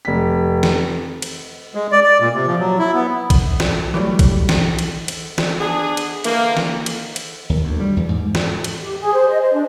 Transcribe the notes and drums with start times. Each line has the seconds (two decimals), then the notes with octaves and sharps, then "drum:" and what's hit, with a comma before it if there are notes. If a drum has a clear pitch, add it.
0.05 F1 B6
0.63 drum: snare
1.22 drum: cymbal
1.75 G#3
1.92 D5
2.03 D5
2.20 A#2
2.34 C3
2.47 F3
2.59 F#3
2.79 E4
2.94 B3
3.30 drum: kick, cymbal
3.60 drum: snare
3.94 E3 F#3 G3 A3
4.19 drum: kick, cymbal
4.49 drum: snare
4.79 drum: cymbal
5.08 drum: cymbal
5.38 drum: snare
5.59 B3 D4 G#4
5.97 drum: cymbal
6.24 D3 E3 A#3, drum: cymbal
6.57 drum: snare
6.86 drum: cymbal
7.16 drum: cymbal
7.50 D#2
7.64 D2
7.80 G3
7.97 E2
8.09 G#2
8.35 drum: snare
8.64 drum: cymbal
8.81 G4
9.00 G#4
9.14 C5
9.29 D#5
9.41 C5
9.53 D4